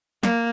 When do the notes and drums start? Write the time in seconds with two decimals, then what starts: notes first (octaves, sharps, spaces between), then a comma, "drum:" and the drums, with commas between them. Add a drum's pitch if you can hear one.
0.23 A#3, drum: snare